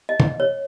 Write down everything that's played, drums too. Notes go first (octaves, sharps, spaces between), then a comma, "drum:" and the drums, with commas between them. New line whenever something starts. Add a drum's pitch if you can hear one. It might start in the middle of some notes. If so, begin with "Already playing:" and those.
D#5
drum: tom
C#5